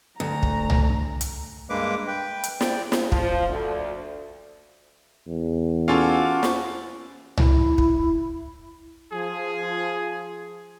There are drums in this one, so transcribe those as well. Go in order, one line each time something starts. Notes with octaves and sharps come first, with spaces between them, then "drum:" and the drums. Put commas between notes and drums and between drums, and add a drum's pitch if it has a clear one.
D2 A#5
drum: kick
drum: tom C2
drum: hi-hat
G2 G#3 A#3 B4 D6
B4 G5
drum: hi-hat
D5 G5, drum: snare
drum: snare
F3, drum: kick
D2
E2
C#4 F4 F#4 A4 F5 A5 D6
drum: snare
E4, drum: tom C2
drum: kick
F3 G#4